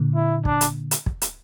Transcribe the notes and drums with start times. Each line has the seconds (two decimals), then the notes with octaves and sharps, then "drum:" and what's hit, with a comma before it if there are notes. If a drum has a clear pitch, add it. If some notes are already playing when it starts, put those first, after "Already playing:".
Already playing: A#2 D3
0.15 E4
0.45 D4, drum: kick
0.61 drum: hi-hat
0.91 drum: hi-hat
1.06 drum: kick
1.22 drum: hi-hat